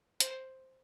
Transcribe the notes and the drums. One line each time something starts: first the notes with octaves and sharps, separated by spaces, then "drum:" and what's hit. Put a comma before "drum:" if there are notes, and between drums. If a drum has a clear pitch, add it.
C5, drum: hi-hat